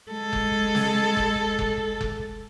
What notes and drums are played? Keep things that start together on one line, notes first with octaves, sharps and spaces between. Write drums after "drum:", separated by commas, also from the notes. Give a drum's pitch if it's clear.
G#3 A4
drum: kick F1
drum: snare
drum: kick F1
drum: kick F1
drum: kick F1